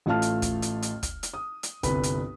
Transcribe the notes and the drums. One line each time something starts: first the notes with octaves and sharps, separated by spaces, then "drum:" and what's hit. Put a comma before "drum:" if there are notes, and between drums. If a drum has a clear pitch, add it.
A1 A3 F4 F5 A5 F6
drum: hi-hat
drum: kick, hi-hat
drum: hi-hat
drum: hi-hat
drum: kick, hi-hat
drum: hi-hat
D#6
drum: hi-hat
G1 C2 B4 B5, drum: kick, hi-hat
drum: hi-hat